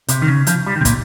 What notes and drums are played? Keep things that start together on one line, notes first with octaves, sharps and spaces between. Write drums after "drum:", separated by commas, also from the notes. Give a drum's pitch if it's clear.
C3, drum: hi-hat
D#3
C#3
F3, drum: hi-hat
G3
D#3
C3
A#2, drum: kick, hi-hat